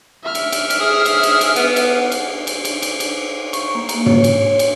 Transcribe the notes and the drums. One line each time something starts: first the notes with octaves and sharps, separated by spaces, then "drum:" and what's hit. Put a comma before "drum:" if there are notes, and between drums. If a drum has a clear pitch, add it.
E5 F6
drum: cymbal
drum: cymbal
drum: cymbal
G#4
drum: cymbal
drum: cymbal
drum: cymbal
B3, drum: cymbal
drum: cymbal
drum: cymbal
drum: cymbal
drum: cymbal
drum: cymbal
drum: cymbal
C#6, drum: cymbal
A#3
A#3, drum: cymbal
C#5, drum: tom
drum: cymbal
drum: cymbal